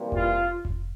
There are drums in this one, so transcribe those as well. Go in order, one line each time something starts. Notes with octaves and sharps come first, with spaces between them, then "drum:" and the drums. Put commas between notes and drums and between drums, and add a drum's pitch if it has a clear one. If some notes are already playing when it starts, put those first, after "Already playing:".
Already playing: C3 E3 G3 A#3
F4, drum: kick F1
drum: kick F1